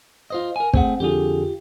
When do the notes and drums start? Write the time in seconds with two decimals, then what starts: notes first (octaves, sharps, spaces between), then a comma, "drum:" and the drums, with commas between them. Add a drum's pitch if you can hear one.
0.30 F4 C5 D#5
0.56 A#4 G#5
0.73 A3 C4 G#4 F#5, drum: kick
1.00 F2 D3 F4 G4 G#4